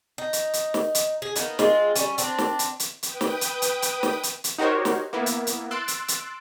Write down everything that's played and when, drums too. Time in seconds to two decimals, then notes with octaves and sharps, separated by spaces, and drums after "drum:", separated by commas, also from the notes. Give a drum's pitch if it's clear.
0.18 D#4
0.33 drum: hi-hat
0.53 drum: hi-hat
0.74 drum: snare
0.95 drum: hi-hat
1.22 G#4
1.36 A#3 B3 D#4, drum: hi-hat
1.59 G#3 C4 F4, drum: snare
1.95 G3 C#4, drum: hi-hat
2.18 C4 D4, drum: hi-hat
2.38 drum: snare
2.59 drum: hi-hat
2.80 drum: hi-hat
3.03 B4 G5 D#6, drum: hi-hat
3.21 drum: snare
3.41 drum: hi-hat
3.62 drum: hi-hat
3.82 drum: hi-hat
4.03 drum: snare
4.23 drum: hi-hat
4.44 drum: hi-hat
4.58 D#4 F#4 G4 A#4 C5 C#5
4.85 drum: snare
5.13 A#3 B3 E4
5.26 drum: hi-hat
5.47 drum: hi-hat
5.71 C6 E6 F#6 A6 D7
5.88 drum: hi-hat
6.08 drum: hi-hat